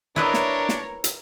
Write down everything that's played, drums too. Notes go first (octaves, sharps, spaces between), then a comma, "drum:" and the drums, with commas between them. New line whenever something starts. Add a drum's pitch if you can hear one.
D4 E4 A#4 B4 C#5 D#5
drum: snare
drum: snare
drum: hi-hat